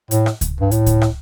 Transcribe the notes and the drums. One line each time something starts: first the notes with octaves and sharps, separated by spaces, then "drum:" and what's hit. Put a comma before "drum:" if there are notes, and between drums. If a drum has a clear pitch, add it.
A2, drum: hi-hat
drum: rim click
drum: kick C#2, hi-hat
G2
A2, drum: hi-hat
drum: kick C#2, hi-hat
drum: rim click